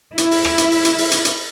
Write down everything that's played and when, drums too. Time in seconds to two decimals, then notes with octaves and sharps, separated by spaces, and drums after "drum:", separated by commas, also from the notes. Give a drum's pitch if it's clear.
0.18 E4, drum: hi-hat
0.31 drum: open hi-hat
0.44 drum: rim click
0.58 drum: hi-hat
0.71 drum: open hi-hat
0.85 drum: hi-hat
0.98 drum: open hi-hat
1.11 drum: hi-hat
1.25 drum: hi-hat